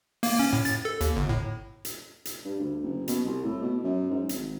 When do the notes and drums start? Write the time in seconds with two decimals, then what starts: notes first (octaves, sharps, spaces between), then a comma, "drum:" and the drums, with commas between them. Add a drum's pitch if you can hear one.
0.23 A#3, drum: open hi-hat
0.39 C#4
0.53 A2
0.65 A6, drum: hi-hat
0.85 A4
1.01 D#2, drum: hi-hat
1.16 G1
1.29 A2
1.85 drum: hi-hat
2.25 drum: hi-hat
2.45 G2
2.60 D2
2.83 F#1
3.08 B2, drum: hi-hat
3.25 C2
3.44 A2
3.62 B2
3.83 F#2
4.11 G#2
4.29 G#1, drum: hi-hat